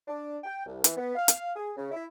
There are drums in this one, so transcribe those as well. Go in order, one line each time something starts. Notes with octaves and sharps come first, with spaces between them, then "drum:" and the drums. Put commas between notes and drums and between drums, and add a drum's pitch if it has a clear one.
D4
G5
C2
E3, drum: hi-hat
B3
F5
drum: hi-hat
G#4
C#3
E4